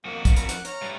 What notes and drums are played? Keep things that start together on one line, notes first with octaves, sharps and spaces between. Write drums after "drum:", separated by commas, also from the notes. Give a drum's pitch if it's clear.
F2 F3 A#3 F#4
drum: kick, hi-hat
A#4 B5, drum: hi-hat
F#5 D6 F#6, drum: hi-hat
C#5 A#5 F6, drum: hi-hat
G3 A3 B4